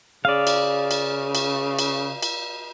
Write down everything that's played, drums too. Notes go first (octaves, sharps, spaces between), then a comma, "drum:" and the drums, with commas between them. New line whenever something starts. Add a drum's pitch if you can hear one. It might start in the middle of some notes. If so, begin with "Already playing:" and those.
C#3 D5 F5
drum: cymbal
drum: cymbal
drum: cymbal
drum: cymbal
drum: cymbal